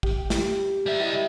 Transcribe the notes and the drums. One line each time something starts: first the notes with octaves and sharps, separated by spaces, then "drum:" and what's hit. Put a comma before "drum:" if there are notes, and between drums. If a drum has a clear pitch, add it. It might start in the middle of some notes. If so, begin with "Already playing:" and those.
G4, drum: kick
drum: snare
G3 E5
E4 G4 D#5